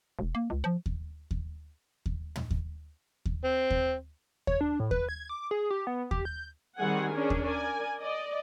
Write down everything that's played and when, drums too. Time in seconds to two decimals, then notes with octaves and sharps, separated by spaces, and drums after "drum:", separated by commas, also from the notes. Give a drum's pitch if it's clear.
0.19 E1
0.35 A#3
0.50 C#2
0.64 F3
0.86 drum: kick D#2
1.31 drum: kick D#2
2.06 drum: kick D#2
2.36 drum: tom
2.51 drum: kick D#2
3.26 drum: kick D#2
3.44 C4
3.70 drum: kick D#2
4.47 C#5, drum: kick D#2
4.61 D4
4.80 A2
4.91 B4, drum: kick D#2
5.09 G#6
5.29 D6
5.51 G#4
5.71 G4
5.87 B3
6.11 G4, drum: kick D#2
6.25 G6
6.78 D#3 G3 C4 G#4 F#5 G#5
7.13 C#4 D4 G#4 A#4
7.30 drum: kick D#2
7.46 A#4 D5 G#5
7.99 D5 D#5